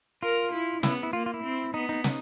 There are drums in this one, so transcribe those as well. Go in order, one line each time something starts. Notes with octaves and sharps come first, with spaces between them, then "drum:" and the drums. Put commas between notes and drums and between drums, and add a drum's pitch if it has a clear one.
F4 A#4
E4
B3 E4, drum: snare
E4
A#3 F4
F4
E4
C4
B3 D#4
D#4
D#4, drum: snare